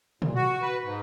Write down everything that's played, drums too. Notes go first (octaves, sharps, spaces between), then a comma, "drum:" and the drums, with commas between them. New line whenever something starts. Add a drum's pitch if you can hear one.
A#2, drum: tom
F#4
B4
G#2